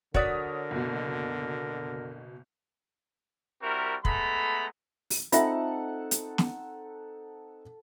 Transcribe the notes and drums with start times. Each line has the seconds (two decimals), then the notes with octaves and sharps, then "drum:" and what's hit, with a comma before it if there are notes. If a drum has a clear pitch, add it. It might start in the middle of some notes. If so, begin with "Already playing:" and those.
0.14 D3 F#4 A#4 C#5 D5 D#6 B6, drum: kick
0.71 F#1 B2
3.62 G3 C4 E4 F#4 A#4
4.05 G#3 A3 B3 A4 A#5 B5, drum: kick
5.10 drum: open hi-hat
5.32 C4 D#4 F4 A4 E5 F#5, drum: hi-hat
6.11 drum: hi-hat
6.38 drum: snare